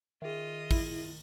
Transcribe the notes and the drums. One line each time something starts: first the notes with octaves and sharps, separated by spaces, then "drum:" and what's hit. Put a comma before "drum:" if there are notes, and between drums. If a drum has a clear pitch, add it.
D#3 F4 G#4 D#5 E5
E4, drum: kick, open hi-hat